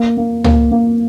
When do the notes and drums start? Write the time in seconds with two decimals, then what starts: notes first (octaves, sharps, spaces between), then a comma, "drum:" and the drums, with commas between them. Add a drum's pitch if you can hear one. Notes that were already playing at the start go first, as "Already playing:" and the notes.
Already playing: A#3
0.17 A#3
0.44 A#3, drum: tom
0.72 A#3